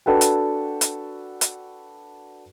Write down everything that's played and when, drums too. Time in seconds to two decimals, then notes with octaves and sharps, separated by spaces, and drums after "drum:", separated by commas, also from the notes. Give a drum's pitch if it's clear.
0.06 D4 F#4 A4 B4 G5
0.21 drum: hi-hat
0.81 drum: hi-hat
1.41 drum: hi-hat